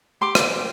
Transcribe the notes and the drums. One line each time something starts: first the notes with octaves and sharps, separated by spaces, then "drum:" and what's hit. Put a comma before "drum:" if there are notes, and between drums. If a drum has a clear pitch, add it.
G4 C6 D6
drum: rim click